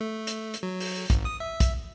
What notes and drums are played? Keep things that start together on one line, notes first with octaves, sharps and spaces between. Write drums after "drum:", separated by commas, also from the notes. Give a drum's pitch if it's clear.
A3
drum: hi-hat
drum: hi-hat
F#3
drum: open hi-hat
G#1, drum: kick, hi-hat
D#6
E5
drum: kick, hi-hat